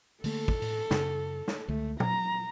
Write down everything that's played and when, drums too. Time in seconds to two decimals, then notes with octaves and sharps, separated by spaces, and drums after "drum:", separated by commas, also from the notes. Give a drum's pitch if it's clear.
0.24 D3 A3 A#3 A4, drum: open hi-hat
0.48 drum: kick
0.62 A2, drum: open hi-hat
0.91 F#2 C#3, drum: snare
1.48 drum: snare
1.68 C#2 D3 A3
2.00 F#3 A#5, drum: tom A#2